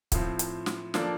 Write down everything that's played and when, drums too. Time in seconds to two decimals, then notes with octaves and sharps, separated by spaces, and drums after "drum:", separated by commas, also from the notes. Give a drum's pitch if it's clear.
0.12 A2 F3 C4, drum: kick C#1, hi-hat
0.39 drum: hi-hat
0.66 drum: snare
0.94 F3 A#3 D4 A4, drum: snare